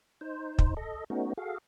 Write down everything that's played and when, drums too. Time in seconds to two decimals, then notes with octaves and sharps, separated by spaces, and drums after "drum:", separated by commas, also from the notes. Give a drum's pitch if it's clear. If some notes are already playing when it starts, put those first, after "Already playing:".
0.21 D#4 C5
0.59 drum: kick
0.77 A4 D#5
1.10 A3 B3 C#4 D#4 F#4
1.37 F#4 G#4 A4 F5